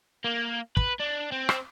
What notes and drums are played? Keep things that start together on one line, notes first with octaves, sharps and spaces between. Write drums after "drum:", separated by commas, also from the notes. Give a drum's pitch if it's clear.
A#3
B4, drum: kick
D4
C4
drum: rim click